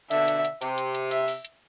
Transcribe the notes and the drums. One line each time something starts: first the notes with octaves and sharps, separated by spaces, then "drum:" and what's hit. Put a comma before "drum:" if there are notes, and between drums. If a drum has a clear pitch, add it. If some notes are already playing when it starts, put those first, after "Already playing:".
B2 D3 E5, drum: hi-hat
drum: hi-hat
drum: hi-hat
C3, drum: hi-hat
drum: hi-hat
drum: hi-hat
E5, drum: hi-hat
drum: open hi-hat
drum: hi-hat